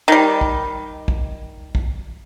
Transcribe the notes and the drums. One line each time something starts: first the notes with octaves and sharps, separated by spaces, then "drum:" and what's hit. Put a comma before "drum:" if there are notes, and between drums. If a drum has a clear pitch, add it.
D#3 G3
drum: kick
drum: kick
drum: kick